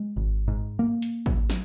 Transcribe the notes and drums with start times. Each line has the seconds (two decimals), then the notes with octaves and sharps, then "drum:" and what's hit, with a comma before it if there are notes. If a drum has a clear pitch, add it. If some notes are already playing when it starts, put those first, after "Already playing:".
Already playing: G#3
0.17 G#1
0.48 G#2
0.79 A#3
1.02 drum: hi-hat
1.26 drum: kick A1
1.50 drum: snare